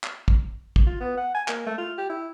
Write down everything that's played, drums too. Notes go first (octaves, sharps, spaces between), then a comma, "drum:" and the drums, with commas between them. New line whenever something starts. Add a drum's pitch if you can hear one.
drum: clap
drum: kick
drum: kick
F4
B3
F#5
G#5
A#3, drum: clap
A3
F4
G4
E4